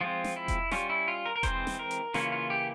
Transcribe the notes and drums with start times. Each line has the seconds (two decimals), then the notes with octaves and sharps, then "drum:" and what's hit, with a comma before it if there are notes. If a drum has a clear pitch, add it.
0.01 F3 G#3 C4 F4
0.24 drum: snare
0.36 E4
0.48 drum: kick E1, hi-hat
0.71 G3 C#4 F4, drum: snare
0.90 E4
1.08 F4
1.26 A#4
1.36 A#4
1.43 E3 G#3 C4 C5, drum: kick E1, hi-hat
1.67 drum: snare
1.79 A#4
1.91 drum: hi-hat
2.14 C#3 E3 A#3 C#4 F4, drum: snare
2.32 F4
2.50 G4